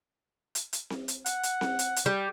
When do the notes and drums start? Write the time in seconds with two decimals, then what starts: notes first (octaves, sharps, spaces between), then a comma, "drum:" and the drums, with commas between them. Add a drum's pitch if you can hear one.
0.55 drum: hi-hat
0.73 drum: hi-hat
0.90 drum: snare C4
1.08 drum: hi-hat
1.26 F#5, drum: hi-hat
1.43 drum: hi-hat
1.61 drum: snare C4
1.79 drum: hi-hat
1.96 drum: hi-hat
2.06 G3 G4